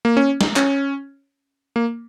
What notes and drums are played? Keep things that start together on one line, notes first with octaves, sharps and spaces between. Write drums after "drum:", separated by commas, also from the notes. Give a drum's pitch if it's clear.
A#3
C#4
drum: snare
C#4, drum: clap
A#3